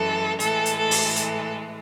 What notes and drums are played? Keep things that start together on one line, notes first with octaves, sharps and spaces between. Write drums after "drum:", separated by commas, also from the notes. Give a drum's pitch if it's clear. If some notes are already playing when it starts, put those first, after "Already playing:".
Already playing: F#2 E3 G#3 A4
A2 E3 G#3 A4, drum: hi-hat
drum: hi-hat
A4
drum: open hi-hat
A4, drum: hi-hat